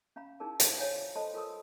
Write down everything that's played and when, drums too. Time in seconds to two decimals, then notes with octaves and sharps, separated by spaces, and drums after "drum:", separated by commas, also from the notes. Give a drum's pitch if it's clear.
0.16 C#4 F5 A#5 B5
0.40 D#4 E4 G#4 A#4 A5
0.60 F4 B4 C5 G5, drum: hi-hat
0.78 C#5 F5 G#5 A#5
1.16 A4 C5 D#5 A5 B5 C6
1.34 F4 A4 A#4 C6 D#6